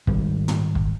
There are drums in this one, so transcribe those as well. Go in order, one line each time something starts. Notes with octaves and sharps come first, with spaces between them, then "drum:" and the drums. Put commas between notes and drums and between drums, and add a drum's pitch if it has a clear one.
G#2 D#3 G3, drum: kick
drum: tom
drum: kick